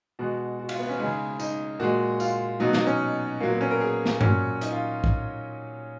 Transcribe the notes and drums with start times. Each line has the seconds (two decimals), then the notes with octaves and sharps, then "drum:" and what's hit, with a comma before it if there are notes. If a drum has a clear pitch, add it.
0.19 B2 G#3 F#4
0.60 F#4
0.69 F4, drum: cymbal
0.79 B3
0.89 C#4
0.99 C#3 G#3 D#4
1.40 D#4, drum: tambourine
1.80 A#2 G#3 F#4
2.20 F4, drum: tambourine
2.60 B2 F#3 D#4
2.73 D#4, drum: snare
2.87 C#4
3.40 A#2 F#3 A#3
3.51 B3
3.61 C#4
3.71 A#4
3.81 G#4
4.06 drum: snare
4.21 A#2 F#3 C#4, drum: tom G2
4.61 D#4, drum: hi-hat
4.72 F4
5.04 drum: kick